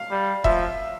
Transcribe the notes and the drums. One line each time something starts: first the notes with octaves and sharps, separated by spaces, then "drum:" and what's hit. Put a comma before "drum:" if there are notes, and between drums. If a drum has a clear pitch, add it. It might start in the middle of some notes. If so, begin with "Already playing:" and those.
Already playing: F5
G3
F3 E5, drum: kick E1